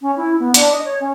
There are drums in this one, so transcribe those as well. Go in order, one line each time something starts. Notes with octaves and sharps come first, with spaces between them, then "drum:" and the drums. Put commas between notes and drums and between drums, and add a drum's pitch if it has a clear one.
C#4
E4
B3
D4, drum: hi-hat
D#5
C#5
C#4